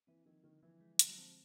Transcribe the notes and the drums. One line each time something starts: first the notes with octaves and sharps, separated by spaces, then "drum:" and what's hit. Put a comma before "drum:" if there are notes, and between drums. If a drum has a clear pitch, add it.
E3 C4
D#3 F3
D3 D#3
E3 F3
G#3
D3, drum: hi-hat
F#3
F3 C4